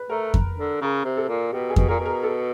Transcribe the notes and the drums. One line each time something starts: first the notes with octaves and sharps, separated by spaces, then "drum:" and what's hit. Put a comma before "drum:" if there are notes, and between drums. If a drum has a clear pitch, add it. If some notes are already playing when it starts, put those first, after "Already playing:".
Already playing: B4
A3 A#4
drum: kick F2
D3
C#3 A#4
C3
A4
A#2
B2 G4
G#4
B2, drum: kick F2
A#2 A#4
B2
A#4
A4